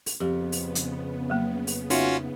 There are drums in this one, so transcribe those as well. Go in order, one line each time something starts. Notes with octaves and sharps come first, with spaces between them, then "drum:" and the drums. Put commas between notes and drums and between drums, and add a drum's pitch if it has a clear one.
drum: open hi-hat
F2 C#3 B3 G4
drum: open hi-hat
drum: hi-hat
F#3 A#3
drum: open hi-hat
C#4 D#4 F4 F#4 E5, drum: open hi-hat